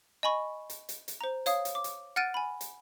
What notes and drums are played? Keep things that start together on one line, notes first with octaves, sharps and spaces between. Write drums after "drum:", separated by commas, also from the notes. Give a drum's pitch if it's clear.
D#5 G#5 B5 C#6
drum: hi-hat
drum: hi-hat
drum: hi-hat
C5 A#5
C#5 F5 D#6, drum: hi-hat
drum: hi-hat
D6
drum: hi-hat
F#5 F6 F#6 A6 D7 D#7
G#5 B5
drum: hi-hat